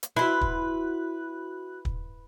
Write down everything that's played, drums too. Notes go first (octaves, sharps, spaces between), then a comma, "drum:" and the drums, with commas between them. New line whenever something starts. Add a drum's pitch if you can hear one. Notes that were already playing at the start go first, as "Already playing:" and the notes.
drum: hi-hat
E4 F#4 B4 C6 F#6
drum: kick
drum: kick